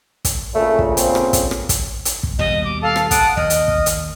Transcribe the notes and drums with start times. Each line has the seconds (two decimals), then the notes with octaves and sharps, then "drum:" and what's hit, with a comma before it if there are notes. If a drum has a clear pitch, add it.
0.25 drum: kick, hi-hat
0.55 D2 A#2 C#3 A3
0.79 drum: kick
0.97 C4, drum: hi-hat
1.15 drum: rim click
1.33 drum: kick, hi-hat
1.51 drum: rim click
1.69 drum: kick, hi-hat
2.05 drum: hi-hat
2.23 drum: kick
2.39 D#2 B2 G3 D#5
2.64 D6
2.83 A4 F5 A5
2.96 drum: rim click
3.11 F#5 A5 D#6 D7, drum: kick, hi-hat
3.37 D#2 D#5 F6
3.50 drum: hi-hat
3.68 drum: kick
3.86 drum: hi-hat